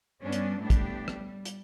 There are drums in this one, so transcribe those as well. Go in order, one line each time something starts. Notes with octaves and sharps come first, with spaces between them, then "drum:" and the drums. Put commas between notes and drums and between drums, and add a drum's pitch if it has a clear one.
G2 B3 C#4 D4 D5
drum: hi-hat
A2 G3 A3 B3 D4 G4
drum: kick, hi-hat
G3, drum: rim click
drum: hi-hat